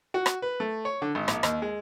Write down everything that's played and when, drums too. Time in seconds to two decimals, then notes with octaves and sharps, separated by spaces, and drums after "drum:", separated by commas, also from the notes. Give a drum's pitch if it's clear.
0.14 F#4
0.26 drum: rim click
0.42 B4
0.60 A3
0.85 C#5
1.02 D3
1.15 G#1
1.28 A#1, drum: rim click
1.43 D#2, drum: rim click
1.62 G#3